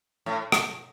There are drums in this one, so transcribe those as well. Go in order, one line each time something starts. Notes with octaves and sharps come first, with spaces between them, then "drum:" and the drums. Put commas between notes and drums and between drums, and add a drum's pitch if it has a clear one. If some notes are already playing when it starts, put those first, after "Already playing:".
A2
drum: rim click